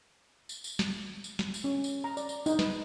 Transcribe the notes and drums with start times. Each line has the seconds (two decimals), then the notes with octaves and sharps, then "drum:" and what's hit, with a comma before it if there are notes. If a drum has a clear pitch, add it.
0.49 drum: tambourine
0.64 drum: tambourine
0.79 drum: snare
1.24 drum: tambourine
1.39 drum: snare
1.54 drum: tambourine
1.64 C#4
1.84 drum: tambourine
2.04 A#5
2.17 D5, drum: tambourine
2.29 drum: tambourine
2.46 D#4, drum: tambourine
2.59 B4, drum: snare